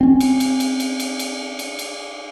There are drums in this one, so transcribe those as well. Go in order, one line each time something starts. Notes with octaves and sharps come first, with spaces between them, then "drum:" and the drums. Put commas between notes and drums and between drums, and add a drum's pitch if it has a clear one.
C4 C#4
drum: cymbal
drum: cymbal
drum: cymbal
drum: cymbal
drum: cymbal
drum: cymbal
drum: cymbal
drum: cymbal